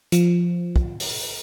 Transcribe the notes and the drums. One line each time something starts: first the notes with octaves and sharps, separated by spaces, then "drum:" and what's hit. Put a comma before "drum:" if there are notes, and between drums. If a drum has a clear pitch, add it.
F3, drum: hi-hat
drum: kick
drum: open hi-hat